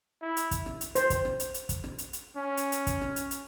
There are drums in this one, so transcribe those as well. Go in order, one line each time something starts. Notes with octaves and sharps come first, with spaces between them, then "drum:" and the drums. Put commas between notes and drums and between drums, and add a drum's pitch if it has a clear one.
E4
drum: hi-hat
drum: kick, hi-hat
drum: rim click
drum: hi-hat
C5, drum: hi-hat
drum: kick, hi-hat
drum: rim click
drum: hi-hat
drum: hi-hat
drum: kick, hi-hat
drum: rim click
drum: hi-hat
drum: hi-hat
C#4
drum: hi-hat
drum: hi-hat
drum: kick, hi-hat
drum: rim click
drum: hi-hat
drum: hi-hat